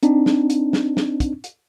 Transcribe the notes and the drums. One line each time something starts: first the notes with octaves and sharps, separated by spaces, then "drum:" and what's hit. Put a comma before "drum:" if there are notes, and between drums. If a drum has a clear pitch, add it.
C4 D4 D#4, drum: hi-hat
drum: snare
drum: hi-hat
drum: snare
drum: snare
drum: kick, hi-hat
drum: hi-hat